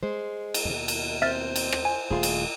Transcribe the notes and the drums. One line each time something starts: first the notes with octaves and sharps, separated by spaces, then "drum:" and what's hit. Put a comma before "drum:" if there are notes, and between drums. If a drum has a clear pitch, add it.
G#3 C5
drum: cymbal
D#2 B2
drum: cymbal
C4 C5 E5 F6 A6
drum: cymbal
drum: rim click
G#5
D#1 A3 F4 G#4
drum: cymbal